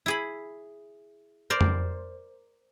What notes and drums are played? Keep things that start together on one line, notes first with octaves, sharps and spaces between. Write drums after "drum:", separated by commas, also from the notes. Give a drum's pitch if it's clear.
E4 G#4 B5
A#4 C5 D5
drum: tom F2